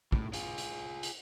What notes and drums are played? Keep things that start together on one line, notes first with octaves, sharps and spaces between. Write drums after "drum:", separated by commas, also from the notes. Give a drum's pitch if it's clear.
A2, drum: kick
F4 G#4, drum: hi-hat
drum: hi-hat
drum: hi-hat